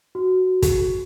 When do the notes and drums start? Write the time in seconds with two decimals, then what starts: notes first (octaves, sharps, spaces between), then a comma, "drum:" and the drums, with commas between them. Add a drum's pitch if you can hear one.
0.15 F#4
0.62 drum: kick, hi-hat